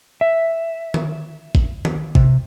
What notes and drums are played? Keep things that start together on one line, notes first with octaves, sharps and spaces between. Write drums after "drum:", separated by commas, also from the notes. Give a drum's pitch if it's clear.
E5
drum: tom D#3
drum: kick
drum: tom D#3
C3, drum: kick